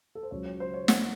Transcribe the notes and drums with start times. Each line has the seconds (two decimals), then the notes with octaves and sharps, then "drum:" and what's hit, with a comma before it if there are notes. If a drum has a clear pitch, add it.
0.15 A4
0.23 C5
0.31 C#2 C#3 F#3 C#5
0.45 C#5
0.60 C5
0.74 C#5
0.88 F#5, drum: snare